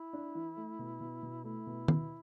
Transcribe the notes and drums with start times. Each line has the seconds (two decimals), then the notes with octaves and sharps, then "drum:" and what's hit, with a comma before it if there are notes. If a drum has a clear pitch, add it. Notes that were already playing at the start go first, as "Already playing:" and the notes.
Already playing: E4
0.13 D4
0.35 E3
0.57 A3
0.79 B2
1.01 B2
1.23 B2
1.44 A3 E4
1.67 B2
1.88 B2, drum: tom